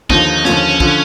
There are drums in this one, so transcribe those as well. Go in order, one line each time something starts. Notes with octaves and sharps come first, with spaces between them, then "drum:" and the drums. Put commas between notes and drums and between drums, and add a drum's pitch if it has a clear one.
D#2 D3 F3 D#4, drum: kick
D#2 D3 F3 C#4, drum: snare
D3 F3, drum: kick